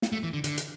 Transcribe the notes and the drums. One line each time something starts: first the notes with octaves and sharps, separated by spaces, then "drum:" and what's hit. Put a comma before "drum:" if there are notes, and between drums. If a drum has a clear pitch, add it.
drum: snare
A3
E3
D3
D3, drum: hi-hat
drum: hi-hat